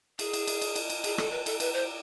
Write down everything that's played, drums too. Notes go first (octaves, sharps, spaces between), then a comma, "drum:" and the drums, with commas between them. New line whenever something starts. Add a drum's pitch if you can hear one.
G#4, drum: cymbal
drum: cymbal
drum: cymbal
drum: cymbal
drum: cymbal
drum: cymbal
G#4, drum: cymbal
A4, drum: rim click
B4
A4, drum: cymbal
B4, drum: cymbal
C5